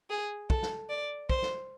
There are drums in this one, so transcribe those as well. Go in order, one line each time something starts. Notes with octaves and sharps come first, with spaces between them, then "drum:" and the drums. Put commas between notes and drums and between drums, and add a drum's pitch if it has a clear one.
G#4
A4, drum: kick
drum: snare
D5
C5, drum: kick
drum: snare